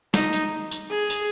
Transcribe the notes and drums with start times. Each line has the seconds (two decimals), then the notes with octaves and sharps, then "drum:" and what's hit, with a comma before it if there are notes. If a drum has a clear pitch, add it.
0.14 D#4, drum: snare
0.33 drum: tambourine
0.71 drum: tambourine
0.91 G#4
1.10 drum: tambourine